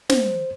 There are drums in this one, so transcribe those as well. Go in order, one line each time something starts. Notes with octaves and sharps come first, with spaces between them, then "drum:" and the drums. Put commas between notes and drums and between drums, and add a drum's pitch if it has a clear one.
C5, drum: snare